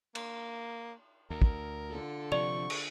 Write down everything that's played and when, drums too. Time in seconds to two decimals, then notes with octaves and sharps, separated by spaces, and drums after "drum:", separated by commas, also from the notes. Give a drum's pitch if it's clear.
0.15 A#3, drum: cymbal
1.30 D2 A#4
1.42 drum: kick
1.91 D3 F4 A4
2.32 C3 F3 D5 C#6 F7
2.70 drum: cymbal